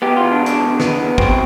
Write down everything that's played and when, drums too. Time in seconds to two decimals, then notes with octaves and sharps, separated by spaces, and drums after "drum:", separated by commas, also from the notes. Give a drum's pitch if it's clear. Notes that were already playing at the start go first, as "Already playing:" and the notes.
0.02 B3 G4
0.16 F4
0.22 E2
0.31 D4
0.41 B2
0.46 D4, drum: hi-hat
0.61 E2
0.80 B3, drum: snare
0.99 E2
1.18 B2 C4, drum: kick